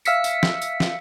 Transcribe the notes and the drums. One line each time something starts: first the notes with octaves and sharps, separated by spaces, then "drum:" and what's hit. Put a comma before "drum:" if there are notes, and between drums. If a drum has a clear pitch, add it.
E5 F5 E6 B6 C#7, drum: tambourine
drum: tambourine
drum: snare
drum: tambourine
drum: snare